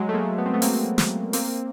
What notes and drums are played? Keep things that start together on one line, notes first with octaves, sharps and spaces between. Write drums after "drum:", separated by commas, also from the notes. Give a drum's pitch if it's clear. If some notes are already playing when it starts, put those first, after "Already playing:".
Already playing: F#3 G#3
A3
G#3 A#3
B3
C4
A3 B3
A#3 C4, drum: open hi-hat
drum: snare
A#3 C4, drum: open hi-hat